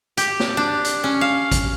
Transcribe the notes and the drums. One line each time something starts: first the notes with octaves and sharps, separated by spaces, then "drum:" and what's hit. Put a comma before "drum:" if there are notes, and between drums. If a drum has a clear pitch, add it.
G4, drum: hi-hat
drum: snare
D4
drum: hi-hat
C#4
F5
drum: kick A1, hi-hat